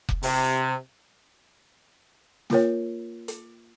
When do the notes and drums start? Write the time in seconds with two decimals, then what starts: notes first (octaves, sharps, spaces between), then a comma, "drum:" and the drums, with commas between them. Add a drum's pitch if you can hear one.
0.09 drum: kick F1
0.23 C3, drum: open hi-hat
2.50 A#3 F4 A#4 C#5, drum: snare
3.28 drum: hi-hat